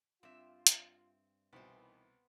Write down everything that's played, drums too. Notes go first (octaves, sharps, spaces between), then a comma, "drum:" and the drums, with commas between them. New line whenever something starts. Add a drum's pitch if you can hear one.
G2 C4 F4 E5
drum: hi-hat
C2 B2 D#3 E3 B3 C5